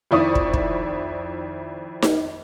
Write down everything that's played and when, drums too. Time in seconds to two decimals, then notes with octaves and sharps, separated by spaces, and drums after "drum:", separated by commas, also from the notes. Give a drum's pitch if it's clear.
0.11 F2 D#3 E4 D5 C#6 D#6
0.35 drum: kick
0.54 drum: kick
2.02 drum: snare D#4